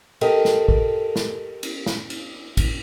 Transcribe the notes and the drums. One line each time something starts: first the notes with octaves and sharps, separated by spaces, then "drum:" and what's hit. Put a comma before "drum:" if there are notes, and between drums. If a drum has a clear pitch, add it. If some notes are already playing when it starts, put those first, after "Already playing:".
G4 A4 A#4 D#5, drum: cymbal
drum: snare
drum: kick
drum: snare
drum: cymbal
drum: snare
drum: cymbal
drum: kick, cymbal